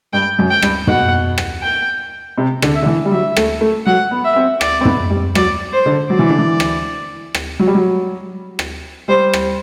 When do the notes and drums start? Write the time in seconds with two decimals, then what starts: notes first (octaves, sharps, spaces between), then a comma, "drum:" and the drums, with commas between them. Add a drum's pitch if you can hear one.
0.13 G2 G5
0.39 F#2
0.51 G5
0.62 G2, drum: rim click
0.87 B2 F#5, drum: tom
1.38 drum: rim click
1.62 G5
2.38 C3
2.62 D3, drum: rim click
2.74 E5
2.82 D3
2.86 E3
3.05 G3
3.11 F#3 E5
3.36 A3, drum: rim click
3.61 A3
3.86 F#3 F#5
4.11 B3
4.24 E5
4.36 C4
4.61 D5, drum: rim click
4.81 C4
4.85 B3, drum: tom
5.10 G3
5.35 F#3 D5, drum: rim click
5.73 C5
5.86 D3
6.10 F#3 D5
6.19 E3
6.29 D3
6.38 E3
6.60 drum: rim click
7.34 drum: rim click
7.59 F#3
7.67 G3
7.75 F#3
8.59 drum: rim click
9.08 G3 C5
9.33 drum: rim click